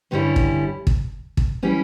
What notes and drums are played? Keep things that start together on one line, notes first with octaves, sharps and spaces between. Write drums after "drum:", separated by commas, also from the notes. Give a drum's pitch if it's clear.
G2 D3 G3 C#4 E4
drum: kick
drum: kick
drum: kick
E3 G3 C#4 E4